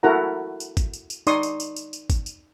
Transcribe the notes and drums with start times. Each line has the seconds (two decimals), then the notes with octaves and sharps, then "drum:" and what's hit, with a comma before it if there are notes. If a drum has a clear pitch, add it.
0.03 E4 F#4 A4 A#4 F#5 A#5
0.60 drum: tambourine
0.77 drum: kick G#1, tambourine
0.93 drum: tambourine
1.10 drum: tambourine
1.27 D#4 D5 C6 C#6 D#6, drum: tambourine
1.43 drum: tambourine
1.60 drum: tambourine
1.76 drum: tambourine
1.93 drum: tambourine
2.10 drum: kick G#1, tambourine
2.26 drum: tambourine